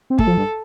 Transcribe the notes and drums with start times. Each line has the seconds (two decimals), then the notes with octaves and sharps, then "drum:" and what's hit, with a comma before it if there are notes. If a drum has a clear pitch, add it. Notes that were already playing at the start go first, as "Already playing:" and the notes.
0.10 C4
0.19 A3 A4, drum: kick
0.27 F3
0.38 G2